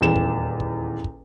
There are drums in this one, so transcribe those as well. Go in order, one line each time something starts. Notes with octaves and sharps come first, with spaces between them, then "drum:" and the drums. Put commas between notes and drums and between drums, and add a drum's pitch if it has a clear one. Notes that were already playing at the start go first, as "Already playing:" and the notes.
D#1 E2 E7
drum: kick
drum: kick
drum: kick